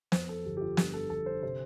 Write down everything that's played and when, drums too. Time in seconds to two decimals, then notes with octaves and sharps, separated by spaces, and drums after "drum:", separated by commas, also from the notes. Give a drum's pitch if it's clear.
0.12 F2 C5, drum: snare
0.29 A4
0.45 G1 G4
0.57 G4
0.61 F4
0.77 G2 G4, drum: snare
0.94 A4
1.10 G1 A4
1.26 C5
1.42 C3 C5